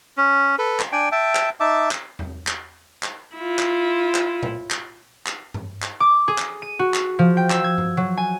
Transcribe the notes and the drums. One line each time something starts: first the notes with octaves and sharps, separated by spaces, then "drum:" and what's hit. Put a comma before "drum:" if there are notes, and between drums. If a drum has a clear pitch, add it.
C#4
A4 B4
drum: clap
D4 D5 G5 G#5
E5 G5 A5
drum: clap
D#4 E5 A5 D6
drum: clap
drum: tom E2
drum: clap
drum: clap
E4 F4
drum: clap
drum: clap
drum: tom A#2
drum: clap
drum: clap
drum: tom G2
drum: clap
D6
G#4
drum: clap
D#7
F#4
drum: clap
F3
G5
E6, drum: clap
G#6
drum: tom G2
F#3
G#5